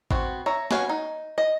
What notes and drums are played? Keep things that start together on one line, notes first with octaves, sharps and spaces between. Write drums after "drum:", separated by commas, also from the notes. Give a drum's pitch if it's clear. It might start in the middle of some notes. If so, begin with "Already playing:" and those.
B3 C4 F#4, drum: kick
C#5 E5 A#5
C#4 F#4 B4 C#5 F5, drum: snare
D#4
D#5